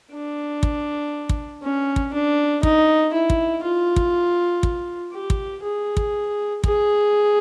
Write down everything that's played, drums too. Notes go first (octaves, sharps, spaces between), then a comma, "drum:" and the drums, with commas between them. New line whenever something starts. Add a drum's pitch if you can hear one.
D4
drum: kick
drum: kick
C#4
drum: kick
D4
D#4, drum: kick
E4
drum: kick
F4
drum: kick
drum: kick
G4
drum: kick
G#4
drum: kick
G#4, drum: kick